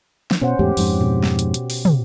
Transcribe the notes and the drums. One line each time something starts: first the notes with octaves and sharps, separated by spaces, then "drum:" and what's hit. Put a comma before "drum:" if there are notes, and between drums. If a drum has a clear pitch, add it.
drum: snare
B2 C#4 C5 F#5
E2 G#2 A3 G4
F2 G#2, drum: open hi-hat
B2
drum: snare
drum: hi-hat
drum: hi-hat
drum: open hi-hat
drum: tom